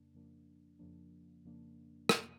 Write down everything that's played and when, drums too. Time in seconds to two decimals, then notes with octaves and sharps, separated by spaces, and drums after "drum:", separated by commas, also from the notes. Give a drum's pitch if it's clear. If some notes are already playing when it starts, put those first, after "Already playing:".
Already playing: F2 C#3 A#3 D4
0.14 F2 C#3 F3 A#3 D4
0.79 F2 C#3 F3 A#3 D4
1.45 F2 C#3 F3 A#3 D4
2.09 F2 C3 F3 A#3, drum: rim click